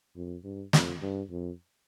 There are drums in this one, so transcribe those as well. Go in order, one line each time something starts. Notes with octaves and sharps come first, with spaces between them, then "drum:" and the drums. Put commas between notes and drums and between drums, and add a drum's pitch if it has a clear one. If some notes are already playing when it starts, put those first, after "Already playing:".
F2
G2
F2, drum: snare
G2
F2